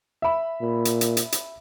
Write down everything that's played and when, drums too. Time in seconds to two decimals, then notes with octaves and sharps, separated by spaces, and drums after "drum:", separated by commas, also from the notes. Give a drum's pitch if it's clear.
0.22 E5 B5
0.61 A#2
0.85 drum: hi-hat
1.01 drum: hi-hat
1.17 drum: hi-hat
1.32 drum: hi-hat